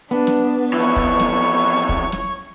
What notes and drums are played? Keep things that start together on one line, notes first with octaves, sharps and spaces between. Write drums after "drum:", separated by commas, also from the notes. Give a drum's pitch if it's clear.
B3 D4
drum: snare
F2 E3 C#5 C#6
drum: kick
drum: snare
drum: kick
drum: snare